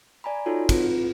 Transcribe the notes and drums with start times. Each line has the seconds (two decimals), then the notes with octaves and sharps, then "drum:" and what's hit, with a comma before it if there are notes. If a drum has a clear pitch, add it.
0.24 D5 G#5 A#5 B5
0.46 D#4 F4 F#4 A4 C#5
0.69 C4 E4 F4 B4, drum: kick, cymbal